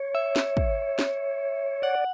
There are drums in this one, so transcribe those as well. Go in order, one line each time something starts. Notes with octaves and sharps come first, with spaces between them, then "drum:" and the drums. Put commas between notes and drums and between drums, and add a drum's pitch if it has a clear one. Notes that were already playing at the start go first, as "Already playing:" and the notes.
Already playing: C#5
E5
drum: snare
drum: kick
drum: snare
D5 F#5